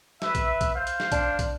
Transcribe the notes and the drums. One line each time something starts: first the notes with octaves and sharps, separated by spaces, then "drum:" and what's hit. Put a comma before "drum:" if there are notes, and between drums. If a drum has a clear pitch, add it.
B4 E5, drum: snare
drum: kick, hi-hat
drum: kick, hi-hat
C5 F5
drum: hi-hat
drum: snare
D4, drum: kick, hi-hat
drum: kick, hi-hat